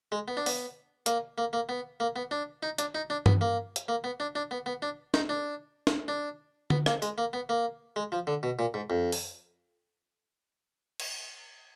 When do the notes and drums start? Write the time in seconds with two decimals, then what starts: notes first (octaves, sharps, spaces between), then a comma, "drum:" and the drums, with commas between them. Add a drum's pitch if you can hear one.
0.12 G#3
0.28 B3
0.37 D4
0.46 B3, drum: open hi-hat
1.06 A#3, drum: hi-hat
1.38 A#3
1.53 A#3
1.69 B3
2.00 A#3
2.16 B3
2.31 D4
2.63 D#4
2.79 D4, drum: hi-hat
2.95 D#4
3.10 D4
3.26 B3, drum: tom G2
3.41 A#3
3.76 drum: hi-hat
3.88 A#3
4.04 B3
4.20 D4
4.35 D4
4.51 B3
4.66 B3
4.82 D4
5.14 D#4, drum: snare
5.29 D4
5.87 drum: snare
6.08 D4
6.70 B3, drum: tom D3
6.86 A#3, drum: rim click
7.02 G#3, drum: tambourine
7.18 A#3
7.33 B3
7.49 A#3
7.96 G#3
8.12 F3
8.27 D3
8.43 B2
8.59 A#2
8.74 G#2
8.90 F2
9.12 drum: open hi-hat
11.00 drum: cymbal